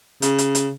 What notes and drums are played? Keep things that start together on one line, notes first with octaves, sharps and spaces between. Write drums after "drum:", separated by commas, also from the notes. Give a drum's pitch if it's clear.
C#3, drum: hi-hat
drum: hi-hat
drum: hi-hat